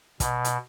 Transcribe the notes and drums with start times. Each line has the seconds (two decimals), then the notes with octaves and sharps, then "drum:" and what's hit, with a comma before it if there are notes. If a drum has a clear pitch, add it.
0.20 B2, drum: kick, hi-hat
0.45 drum: hi-hat